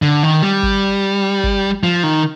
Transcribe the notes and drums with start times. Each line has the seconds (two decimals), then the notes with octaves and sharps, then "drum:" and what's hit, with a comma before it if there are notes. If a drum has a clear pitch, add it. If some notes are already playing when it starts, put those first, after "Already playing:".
0.02 D3
0.23 D#3
0.42 G3
0.63 drum: kick
1.44 drum: kick
1.84 F3
2.03 D#3